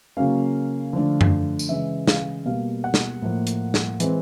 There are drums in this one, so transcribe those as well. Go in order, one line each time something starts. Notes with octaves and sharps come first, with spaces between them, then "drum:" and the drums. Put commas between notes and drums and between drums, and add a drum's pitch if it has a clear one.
C#3 F#3 A#3 C#4 F5
D3 F3 A3 D4
drum: tom F#2
drum: tambourine
C#3 E3 G#3 E5
F5, drum: snare
B2 G3 A#3 F5
F#5
drum: snare
A2 F3 A#3
drum: hi-hat
drum: snare
E3 G#3 C4, drum: hi-hat